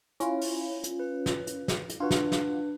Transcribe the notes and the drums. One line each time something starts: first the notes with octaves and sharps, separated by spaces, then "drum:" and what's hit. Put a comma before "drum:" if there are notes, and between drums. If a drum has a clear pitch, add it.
C#4 E4 F4, drum: hi-hat
drum: open hi-hat
drum: hi-hat
B4
drum: snare
drum: hi-hat
drum: snare
drum: hi-hat
D4 F4 F#4 B4
drum: snare
drum: snare